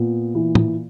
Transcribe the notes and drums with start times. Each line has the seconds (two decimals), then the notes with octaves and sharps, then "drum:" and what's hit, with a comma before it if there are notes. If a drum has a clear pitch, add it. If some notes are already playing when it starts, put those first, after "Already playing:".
Already playing: A#2 B3
0.35 E3
0.55 drum: tom